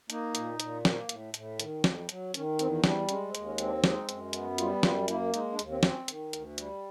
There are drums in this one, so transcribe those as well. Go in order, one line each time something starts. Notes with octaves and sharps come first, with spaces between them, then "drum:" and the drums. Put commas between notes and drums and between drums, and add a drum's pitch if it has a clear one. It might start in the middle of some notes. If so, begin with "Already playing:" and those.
A#3 D#4, drum: hi-hat
A#2, drum: hi-hat
A#2, drum: hi-hat
A#3, drum: snare
A2, drum: hi-hat
A2, drum: hi-hat
D#3, drum: hi-hat
F2, drum: snare
F#3, drum: hi-hat
D#3 C#4, drum: hi-hat
E2 C4, drum: hi-hat
G3 D4, drum: snare
G#3 C#4, drum: hi-hat
C4
D#2, drum: hi-hat
C#4
C4, drum: hi-hat
D4
G#3 D#4, drum: snare
F#2, drum: hi-hat
B3, drum: hi-hat
G3 F4, drum: hi-hat
F#2 F4, drum: snare
A#3 E4, drum: hi-hat
G#3 D#4, drum: hi-hat
D4
D#2, drum: hi-hat
C4
C4, drum: snare
C#4
D#3, drum: hi-hat
D2, drum: hi-hat
G3, drum: hi-hat